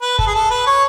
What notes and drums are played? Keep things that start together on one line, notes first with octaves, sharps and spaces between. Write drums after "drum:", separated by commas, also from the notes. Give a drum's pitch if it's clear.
B4
A4, drum: kick
G#4
A4
B4
C#5